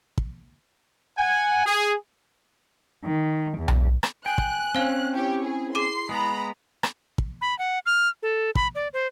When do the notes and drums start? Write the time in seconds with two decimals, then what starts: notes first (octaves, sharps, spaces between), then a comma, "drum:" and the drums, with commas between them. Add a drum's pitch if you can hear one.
0.18 drum: kick
1.18 F#5 G#5
1.66 G#4
3.04 D#3
3.58 E2
3.68 drum: tom B1
4.03 drum: rim click
4.26 G5 G#5 F#6
4.38 drum: kick
4.75 C4 C#4 C5 F5
5.14 E4 G4 C#5
5.45 G#4
5.75 G#4 C6 D6 C7 D#7
6.09 G#3 B3 A#5 B5
6.83 drum: rim click
7.18 drum: kick
7.41 B5
7.59 F#5
7.86 F6
8.23 A4
8.55 B5, drum: kick
8.75 D5
8.93 C5